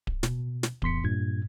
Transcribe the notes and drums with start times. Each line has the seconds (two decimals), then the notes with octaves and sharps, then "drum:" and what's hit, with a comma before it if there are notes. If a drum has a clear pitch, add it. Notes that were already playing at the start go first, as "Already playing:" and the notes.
0.07 drum: kick D1
0.23 B2, drum: snare
0.63 drum: snare
0.82 A1 E2 C6 B6 C#7, drum: kick D1
1.04 G2 A#2 G#6